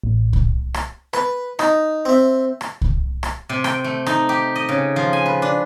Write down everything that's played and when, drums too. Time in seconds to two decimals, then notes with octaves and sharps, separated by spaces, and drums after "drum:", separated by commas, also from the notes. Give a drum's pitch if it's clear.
0.04 A1
0.33 drum: kick C2
0.74 drum: rim click
1.13 B4, drum: rim click
1.59 D#4, drum: rim click
2.05 C4 E5
2.61 drum: rim click
2.81 drum: kick C2
3.23 drum: rim click
3.49 C3
3.64 G5, drum: rim click
3.84 A3
4.06 D#4, drum: rim click
4.29 G4
4.56 D#5
4.69 C#3
4.96 F3
5.13 G#5
5.26 B4
5.42 D4